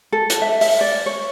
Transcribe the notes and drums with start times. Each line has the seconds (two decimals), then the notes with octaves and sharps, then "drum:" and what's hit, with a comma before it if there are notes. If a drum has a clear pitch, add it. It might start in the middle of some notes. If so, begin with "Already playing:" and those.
0.12 A4
0.30 drum: hi-hat
0.42 E5
0.61 E5, drum: open hi-hat
0.81 D5
1.06 C#5